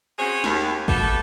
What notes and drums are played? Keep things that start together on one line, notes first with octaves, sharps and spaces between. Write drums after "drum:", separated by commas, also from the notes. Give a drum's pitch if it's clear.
C4 C#4 F#4 G#4 C5 C#5
D#2, drum: snare
A3 B3 F#4 G4 A4, drum: kick G#1